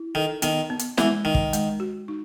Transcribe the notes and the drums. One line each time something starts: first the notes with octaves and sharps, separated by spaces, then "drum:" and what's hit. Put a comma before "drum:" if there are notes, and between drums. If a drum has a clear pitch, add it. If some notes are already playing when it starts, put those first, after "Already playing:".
Already playing: E4
D#3 A4
D#3 B3, drum: hi-hat
B3
drum: hi-hat
E3 G#3, drum: snare
D#3 D#4
drum: kick
G#3, drum: hi-hat
F#4
D#4